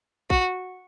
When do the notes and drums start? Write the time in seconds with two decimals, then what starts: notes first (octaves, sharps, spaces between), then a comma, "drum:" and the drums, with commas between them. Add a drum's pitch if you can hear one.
0.30 F#4, drum: kick